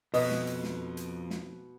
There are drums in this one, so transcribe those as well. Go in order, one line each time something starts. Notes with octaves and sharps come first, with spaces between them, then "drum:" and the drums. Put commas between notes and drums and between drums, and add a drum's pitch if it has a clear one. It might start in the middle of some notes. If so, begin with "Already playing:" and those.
F2 B2 B4 D#5, drum: open hi-hat
drum: snare
drum: hi-hat
drum: snare
drum: hi-hat
drum: snare